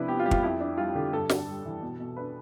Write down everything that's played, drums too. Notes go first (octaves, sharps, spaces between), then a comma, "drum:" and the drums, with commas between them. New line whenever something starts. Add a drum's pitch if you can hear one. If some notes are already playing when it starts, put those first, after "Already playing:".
Already playing: C3 F3 D4 E4 B4
B3 G4
F4
G3 G4
F4, drum: kick
F2 E4
D4
G3 F4
D3 G4
G2 A4
D4, drum: snare
G3
E3
B2
B2
D4 B4